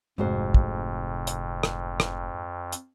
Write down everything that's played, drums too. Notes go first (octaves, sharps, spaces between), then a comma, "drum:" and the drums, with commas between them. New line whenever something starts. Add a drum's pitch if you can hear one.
F1 F2 G#2 C3 F#4 C5
drum: kick
drum: hi-hat
drum: rim click
drum: rim click
drum: hi-hat